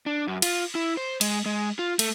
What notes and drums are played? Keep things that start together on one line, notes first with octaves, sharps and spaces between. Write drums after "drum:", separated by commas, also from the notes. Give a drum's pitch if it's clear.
D4
F#2
F4, drum: cymbal
E4
C5
G#3, drum: cymbal
G#3
F4
A3, drum: cymbal